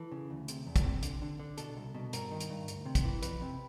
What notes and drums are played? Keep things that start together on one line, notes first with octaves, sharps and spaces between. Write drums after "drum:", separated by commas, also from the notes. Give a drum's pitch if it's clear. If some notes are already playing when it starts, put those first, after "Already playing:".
Already playing: E3 A4
C#3
D2
C3, drum: hi-hat
E2
drum: kick, hi-hat
C3
D3, drum: hi-hat
D3
D3
B2 A4, drum: hi-hat
C2
B2
G2 A#4, drum: hi-hat
D#3
drum: hi-hat
G2
D2, drum: hi-hat
C3
drum: kick, hi-hat
E3
F2 B4, drum: hi-hat
C3